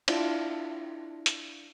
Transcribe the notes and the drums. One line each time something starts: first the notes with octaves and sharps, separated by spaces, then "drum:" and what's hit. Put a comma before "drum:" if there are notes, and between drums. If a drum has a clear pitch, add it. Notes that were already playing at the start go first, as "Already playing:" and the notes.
D4 E4 F4 A4, drum: cymbal
drum: hi-hat